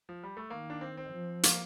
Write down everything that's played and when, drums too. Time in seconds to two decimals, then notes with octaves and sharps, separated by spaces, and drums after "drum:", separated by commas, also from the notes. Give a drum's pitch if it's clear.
0.09 F3
0.23 G3
0.37 A3
0.50 D#3 A#3
0.70 D4
0.81 C4
0.97 C4
1.12 F3
1.43 A#3, drum: hi-hat